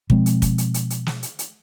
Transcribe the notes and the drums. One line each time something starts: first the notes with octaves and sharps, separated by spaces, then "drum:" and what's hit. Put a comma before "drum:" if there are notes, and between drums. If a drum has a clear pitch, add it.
B2 F3 G#3 C4, drum: kick
drum: hi-hat
drum: kick, hi-hat
drum: hi-hat
drum: hi-hat
drum: hi-hat
drum: snare
drum: hi-hat
drum: hi-hat